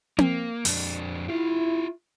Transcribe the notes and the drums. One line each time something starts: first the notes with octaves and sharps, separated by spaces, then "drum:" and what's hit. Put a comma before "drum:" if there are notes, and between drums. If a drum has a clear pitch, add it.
A#3, drum: tom C4
F2 D4, drum: open hi-hat
E4 F4 G4